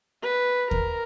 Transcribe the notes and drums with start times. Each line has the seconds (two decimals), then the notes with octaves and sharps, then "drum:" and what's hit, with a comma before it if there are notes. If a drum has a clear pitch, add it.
0.23 B4
0.71 A#4, drum: kick D#2